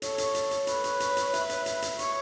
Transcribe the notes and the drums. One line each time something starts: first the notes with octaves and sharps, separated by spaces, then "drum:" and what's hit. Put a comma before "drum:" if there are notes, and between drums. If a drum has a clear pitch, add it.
A4 C#5, drum: hi-hat
drum: hi-hat
drum: hi-hat
drum: hi-hat
B4, drum: hi-hat
drum: hi-hat
drum: hi-hat
drum: hi-hat
E5, drum: hi-hat
drum: hi-hat
drum: hi-hat
drum: hi-hat
C#5, drum: hi-hat